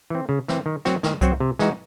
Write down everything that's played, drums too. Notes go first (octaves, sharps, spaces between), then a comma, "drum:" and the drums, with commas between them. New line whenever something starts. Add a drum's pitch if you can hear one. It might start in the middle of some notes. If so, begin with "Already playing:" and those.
E3 C4
C#3
E3 C4, drum: snare
D#3
F#3 C4 F#4, drum: snare
D#3, drum: snare
F#3 C4 F#4, drum: kick C2, hi-hat
C3
E3 G#3 D#4 F#4, drum: snare